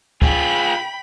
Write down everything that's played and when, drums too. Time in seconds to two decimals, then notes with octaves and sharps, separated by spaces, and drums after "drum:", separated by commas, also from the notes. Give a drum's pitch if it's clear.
0.22 F4 G#4 G5 B5, drum: kick